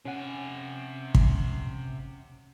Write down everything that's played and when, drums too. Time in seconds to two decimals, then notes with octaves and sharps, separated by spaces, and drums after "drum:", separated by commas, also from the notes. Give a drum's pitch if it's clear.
0.05 C3 C#4 F#5 G#5
1.15 drum: kick